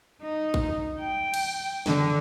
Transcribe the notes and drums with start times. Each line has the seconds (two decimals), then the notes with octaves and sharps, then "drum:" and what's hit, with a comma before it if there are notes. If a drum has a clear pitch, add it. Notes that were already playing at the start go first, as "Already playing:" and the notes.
0.22 D#4
0.54 drum: kick A#1
0.99 G5
1.34 drum: cymbal
1.86 D3, drum: snare